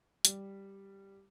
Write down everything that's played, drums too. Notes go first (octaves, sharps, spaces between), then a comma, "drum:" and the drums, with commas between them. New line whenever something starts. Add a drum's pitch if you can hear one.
G3, drum: hi-hat